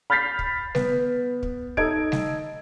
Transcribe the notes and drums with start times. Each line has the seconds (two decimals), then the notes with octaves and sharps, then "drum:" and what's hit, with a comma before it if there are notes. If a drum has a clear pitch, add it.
0.10 B5 F6 G6 A6 B6 C7
0.39 drum: kick
0.75 B3, drum: snare G3
1.43 drum: kick
1.77 D#4 A4 D#5 G#6 D7, drum: kick
2.12 drum: snare G3